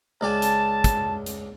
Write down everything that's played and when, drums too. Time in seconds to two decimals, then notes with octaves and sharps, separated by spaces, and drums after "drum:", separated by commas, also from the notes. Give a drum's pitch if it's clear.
0.21 C#2 D5 G#5 A5
0.42 drum: hi-hat
0.84 drum: kick, hi-hat
1.26 drum: hi-hat